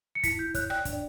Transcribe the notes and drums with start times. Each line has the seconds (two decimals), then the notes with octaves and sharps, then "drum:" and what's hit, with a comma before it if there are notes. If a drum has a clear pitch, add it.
0.15 C#7
0.23 E4 B6, drum: kick, hi-hat
0.39 E4 G6
0.54 C#5 F#6, drum: kick, hi-hat
0.70 D5 G5, drum: rim click
0.85 D4, drum: kick, hi-hat
0.93 D5